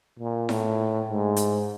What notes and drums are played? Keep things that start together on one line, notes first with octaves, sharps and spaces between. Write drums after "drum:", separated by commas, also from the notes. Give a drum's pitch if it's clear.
A#2
A2, drum: snare E4
G#2
drum: hi-hat